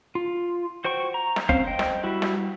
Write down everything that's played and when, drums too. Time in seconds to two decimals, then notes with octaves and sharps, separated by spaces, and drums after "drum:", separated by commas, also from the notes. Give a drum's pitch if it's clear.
0.15 F4
0.84 F#4 C5 G5 C#6
1.14 A#5
1.36 drum: snare
1.49 C4 C#4 C5 F5, drum: kick
1.65 C5 D#5 G5
1.79 drum: snare
2.04 G3 E4 F#4
2.22 drum: snare